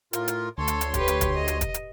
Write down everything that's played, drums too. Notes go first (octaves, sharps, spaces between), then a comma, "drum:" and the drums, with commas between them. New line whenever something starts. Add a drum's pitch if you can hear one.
A2 F4 A#4, drum: hi-hat
drum: hi-hat
D2 A4 C#5 C6
drum: hi-hat
drum: hi-hat
G4 B4, drum: kick, hi-hat
drum: hi-hat
drum: kick, hi-hat
D#5
drum: hi-hat
drum: kick, hi-hat
drum: hi-hat